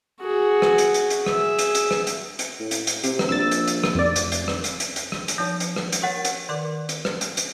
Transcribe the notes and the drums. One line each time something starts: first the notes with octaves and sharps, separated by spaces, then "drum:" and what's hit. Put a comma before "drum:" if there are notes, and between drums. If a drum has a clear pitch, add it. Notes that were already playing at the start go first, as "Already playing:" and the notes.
F#4 G#4
drum: rim click
drum: hi-hat
drum: hi-hat
drum: hi-hat
G#4 E5, drum: rim click
drum: hi-hat
drum: hi-hat
drum: rim click
drum: hi-hat
drum: hi-hat
A2
drum: hi-hat
drum: hi-hat
C3, drum: hi-hat
drum: rim click
A#1 E6 A6
drum: hi-hat
drum: hi-hat
drum: rim click
F1 F2 D5
drum: hi-hat
drum: hi-hat
drum: rim click
drum: hi-hat
drum: hi-hat
drum: hi-hat
drum: rim click
drum: hi-hat
F3 D#4 C#5
drum: hi-hat
drum: rim click
drum: hi-hat
G4 A#4 C#5 F#5
drum: hi-hat
D#3 A#4 D5 D6
drum: hi-hat
drum: rim click
drum: hi-hat
drum: hi-hat